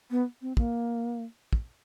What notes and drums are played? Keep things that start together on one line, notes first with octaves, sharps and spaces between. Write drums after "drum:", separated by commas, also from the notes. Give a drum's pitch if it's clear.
B3
C4
A#3, drum: kick
drum: kick